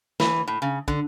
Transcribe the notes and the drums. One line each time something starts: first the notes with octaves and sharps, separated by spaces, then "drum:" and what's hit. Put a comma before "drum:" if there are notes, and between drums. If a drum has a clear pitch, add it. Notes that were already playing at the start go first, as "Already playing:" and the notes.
E3, drum: snare
A2
C#3
D3, drum: kick